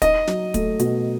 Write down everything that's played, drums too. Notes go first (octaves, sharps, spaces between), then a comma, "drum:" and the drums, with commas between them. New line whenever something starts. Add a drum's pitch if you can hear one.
D#4 D#5, drum: kick, hi-hat
F#3, drum: snare
A3, drum: kick, hi-hat
B2, drum: hi-hat